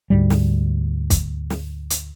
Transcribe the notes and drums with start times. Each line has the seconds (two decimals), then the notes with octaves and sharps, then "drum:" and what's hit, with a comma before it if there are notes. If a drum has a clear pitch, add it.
0.10 D2 G#2 G3
0.30 drum: snare
1.10 drum: kick, hi-hat
1.50 drum: snare
1.90 drum: hi-hat